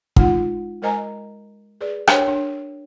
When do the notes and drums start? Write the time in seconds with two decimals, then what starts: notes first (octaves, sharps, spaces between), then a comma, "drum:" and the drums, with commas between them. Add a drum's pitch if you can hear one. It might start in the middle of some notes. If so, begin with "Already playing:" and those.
0.16 G#3 D#4 F4 F#5, drum: kick
0.82 G#3 A#4 C5 D#5 G#5 A#5
1.81 G#4 B4 D5
2.07 D4 G4 A#4 C5 C#5 G5, drum: rim click
2.28 D4